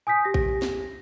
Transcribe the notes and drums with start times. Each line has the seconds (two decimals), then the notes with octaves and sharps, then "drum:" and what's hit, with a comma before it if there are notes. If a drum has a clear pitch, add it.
0.07 G#5 D#6 G6 B6
0.25 G4 A#6
0.34 drum: kick A#1
0.62 drum: snare